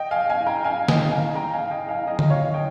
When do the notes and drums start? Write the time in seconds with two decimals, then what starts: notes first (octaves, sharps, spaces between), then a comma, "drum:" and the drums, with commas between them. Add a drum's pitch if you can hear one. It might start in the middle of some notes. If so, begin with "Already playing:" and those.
Already playing: D#5 G5
0.11 F5 G#5
0.30 F5 G#5
0.46 G5 A#5
0.64 F5 G#5
0.88 D#5 G5, drum: snare
1.12 F5 G#5
1.35 G5 A#5
1.53 F5 G#5
1.71 D#5 G5
1.89 F5 G#5
2.07 D#5 G5
2.19 drum: tom D3
2.30 C#5 F5
2.54 D#5 G5